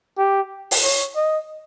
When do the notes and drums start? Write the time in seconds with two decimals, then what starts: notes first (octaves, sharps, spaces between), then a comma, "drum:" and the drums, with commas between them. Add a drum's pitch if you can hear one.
0.18 G4
0.71 drum: open hi-hat
0.83 C#5
1.15 D#5